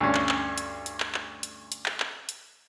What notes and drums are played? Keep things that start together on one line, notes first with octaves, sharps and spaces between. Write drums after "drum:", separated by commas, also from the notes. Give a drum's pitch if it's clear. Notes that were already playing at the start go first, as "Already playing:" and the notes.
D2 G2 C#4
drum: clap
drum: clap
drum: hi-hat
drum: hi-hat
drum: clap
drum: clap
drum: hi-hat
drum: hi-hat
drum: clap
drum: clap
drum: hi-hat